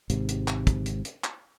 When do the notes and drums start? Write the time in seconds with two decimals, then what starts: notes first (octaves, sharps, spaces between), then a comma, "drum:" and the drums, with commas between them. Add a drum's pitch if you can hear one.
0.10 G#1 G#2 C3, drum: hi-hat
0.29 drum: hi-hat
0.48 drum: clap
0.67 drum: kick, hi-hat
0.86 drum: hi-hat
1.05 drum: hi-hat
1.24 drum: clap